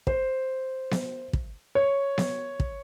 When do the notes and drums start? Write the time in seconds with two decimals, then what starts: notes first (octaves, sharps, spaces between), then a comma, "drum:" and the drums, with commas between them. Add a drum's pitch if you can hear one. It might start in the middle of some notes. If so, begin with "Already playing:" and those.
0.07 C5, drum: kick
0.91 drum: snare B3
1.33 drum: kick
1.75 C#5
2.18 drum: snare B3
2.60 drum: kick